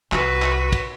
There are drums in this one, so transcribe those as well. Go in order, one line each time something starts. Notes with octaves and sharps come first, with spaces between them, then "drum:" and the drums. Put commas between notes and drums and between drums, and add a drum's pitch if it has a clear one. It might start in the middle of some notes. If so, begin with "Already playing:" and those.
C2 F#4 B4, drum: clap
drum: clap
drum: kick, cymbal